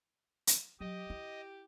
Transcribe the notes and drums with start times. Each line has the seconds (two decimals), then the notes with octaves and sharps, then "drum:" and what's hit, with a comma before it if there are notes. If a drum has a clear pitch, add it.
0.47 drum: hi-hat
0.80 F#3 G4 D#5
1.10 E4